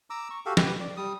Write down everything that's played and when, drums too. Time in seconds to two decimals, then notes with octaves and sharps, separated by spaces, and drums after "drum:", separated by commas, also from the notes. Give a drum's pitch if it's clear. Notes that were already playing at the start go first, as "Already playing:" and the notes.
0.10 A#5 D6 E6
0.30 C#6
0.46 F#4 G4 A4 F5
0.57 G4 B4, drum: snare
0.80 D5
0.97 G3 D#6